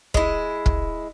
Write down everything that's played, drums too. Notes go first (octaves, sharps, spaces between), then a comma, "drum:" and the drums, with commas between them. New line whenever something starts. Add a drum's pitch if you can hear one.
G#3 E4, drum: kick
drum: kick